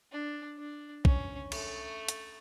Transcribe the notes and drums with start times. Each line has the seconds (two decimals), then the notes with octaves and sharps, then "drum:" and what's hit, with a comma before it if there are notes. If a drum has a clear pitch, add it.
0.12 D4
0.58 D4
1.05 C#4, drum: kick B1
1.52 A3, drum: cymbal
2.09 drum: hi-hat